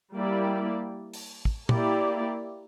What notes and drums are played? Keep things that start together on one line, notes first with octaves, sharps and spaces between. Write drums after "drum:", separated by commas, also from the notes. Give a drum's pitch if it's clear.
G3 A#3 E4 G4 D5
drum: open hi-hat
drum: kick
A#3 E4 G4 D5, drum: tom